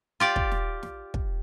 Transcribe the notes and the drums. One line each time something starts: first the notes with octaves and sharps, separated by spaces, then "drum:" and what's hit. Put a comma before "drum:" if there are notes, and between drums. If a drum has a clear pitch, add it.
F4 G4 D5
drum: kick
drum: snare
drum: snare
drum: kick